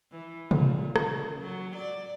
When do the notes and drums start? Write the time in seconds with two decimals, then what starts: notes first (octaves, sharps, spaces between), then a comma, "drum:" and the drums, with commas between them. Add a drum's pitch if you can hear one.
0.11 E3
0.51 A#2, drum: tom C3
0.96 C#3, drum: rim click
1.39 F#3
1.76 D5